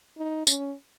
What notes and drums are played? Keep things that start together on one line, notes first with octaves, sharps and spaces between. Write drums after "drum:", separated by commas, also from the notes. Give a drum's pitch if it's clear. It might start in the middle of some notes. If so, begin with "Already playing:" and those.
D#4
C#4, drum: tambourine